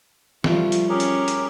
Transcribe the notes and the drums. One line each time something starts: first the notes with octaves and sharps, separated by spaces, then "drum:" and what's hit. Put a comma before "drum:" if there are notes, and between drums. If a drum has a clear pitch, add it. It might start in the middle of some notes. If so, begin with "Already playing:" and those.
F3 G3 A3 F4, drum: snare
drum: hi-hat
C#4 G4 G#4 A#4
drum: hi-hat
drum: hi-hat